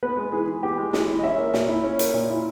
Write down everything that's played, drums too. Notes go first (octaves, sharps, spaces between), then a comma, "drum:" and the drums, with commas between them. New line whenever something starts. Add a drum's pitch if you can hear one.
B3 B4
G#3
E3 G#4
E3
B3 G4
G#3
E3 G#4, drum: snare
E3
D#5
C#4 E5
A#3
A#2, drum: snare
E4
C#4
A#3, drum: hi-hat
A#2
E4